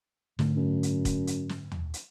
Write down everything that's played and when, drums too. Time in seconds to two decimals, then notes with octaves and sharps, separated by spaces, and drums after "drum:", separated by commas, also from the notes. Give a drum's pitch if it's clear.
0.39 G#2 D3 A3, drum: snare
0.57 F#2
0.83 drum: hi-hat
1.05 drum: kick, hi-hat
1.27 drum: hi-hat
1.49 drum: snare
1.72 drum: tom
1.94 drum: hi-hat